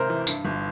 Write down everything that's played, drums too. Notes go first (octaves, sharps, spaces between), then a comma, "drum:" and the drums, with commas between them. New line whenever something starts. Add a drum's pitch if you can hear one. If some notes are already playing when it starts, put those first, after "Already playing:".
Already playing: G#1 C3 A#4 C5
E3
G2, drum: tambourine
G1